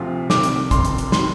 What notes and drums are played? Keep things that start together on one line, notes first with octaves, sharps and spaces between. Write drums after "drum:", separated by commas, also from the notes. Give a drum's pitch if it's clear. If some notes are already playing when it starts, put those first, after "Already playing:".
Already playing: D2 C3 F3 C4 F4
C2 C3 D#3 G3 D6, drum: snare
drum: hi-hat
F1 F2 D3 C6, drum: kick, hi-hat
drum: hi-hat
drum: hi-hat
D#3 G3 C6, drum: snare